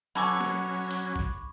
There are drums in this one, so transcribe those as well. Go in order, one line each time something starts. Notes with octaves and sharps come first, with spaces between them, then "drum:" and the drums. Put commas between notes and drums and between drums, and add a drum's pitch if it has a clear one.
B2 F#3 C#4 A4 G#5 B5 C#6 D6
drum: snare
drum: hi-hat
drum: kick A1